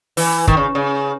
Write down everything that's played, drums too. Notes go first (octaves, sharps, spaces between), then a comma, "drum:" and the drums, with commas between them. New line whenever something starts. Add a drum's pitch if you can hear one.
E3, drum: open hi-hat
D#3, drum: kick
C#3
C#3